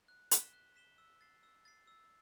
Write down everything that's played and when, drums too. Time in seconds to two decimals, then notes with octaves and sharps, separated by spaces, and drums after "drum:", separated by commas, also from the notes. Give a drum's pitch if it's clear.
0.08 F#6
0.31 B6 E7 G7, drum: hi-hat
0.53 F#6
0.76 B6 E7 G7
0.98 E6
1.21 A6 C7
1.43 E6
1.65 A6 C7
1.87 E6